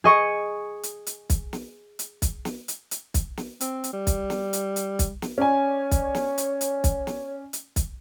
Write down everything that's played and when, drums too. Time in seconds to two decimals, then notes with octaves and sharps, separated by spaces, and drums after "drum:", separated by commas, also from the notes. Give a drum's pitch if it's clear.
0.04 G#4 D#5 C#6
0.83 drum: hi-hat
1.07 drum: hi-hat
1.30 drum: kick, hi-hat
1.53 drum: snare
1.99 drum: hi-hat
2.22 drum: kick, hi-hat
2.45 drum: snare
2.68 drum: hi-hat
2.91 drum: hi-hat
3.14 drum: kick, hi-hat
3.37 drum: snare
3.61 C4, drum: hi-hat
3.84 drum: hi-hat
3.93 G3
4.07 drum: kick, hi-hat
4.30 drum: snare
4.53 drum: hi-hat
4.76 drum: hi-hat
4.99 drum: kick, hi-hat
5.22 drum: snare
5.38 C#4 C#5 D5 G#5
5.91 drum: kick, hi-hat
6.15 drum: snare
6.38 drum: hi-hat
6.61 drum: hi-hat
6.84 drum: kick, hi-hat
7.07 drum: snare
7.53 drum: hi-hat
7.76 drum: kick, hi-hat